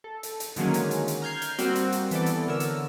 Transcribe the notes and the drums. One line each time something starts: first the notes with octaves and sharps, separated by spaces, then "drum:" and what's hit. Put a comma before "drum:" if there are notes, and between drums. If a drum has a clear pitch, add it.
A4
drum: hi-hat
drum: hi-hat
D3 D#3 F#3 G#3 A#3 C#4, drum: hi-hat
drum: hi-hat
drum: hi-hat
drum: hi-hat
A#5 F6 G6 G#6 C7
drum: hi-hat
G3 A#3 C4 F#4, drum: hi-hat
drum: hi-hat
drum: hi-hat
E3 B3 A4 D5, drum: hi-hat
drum: hi-hat
D3 A#4 C#5 E6
drum: hi-hat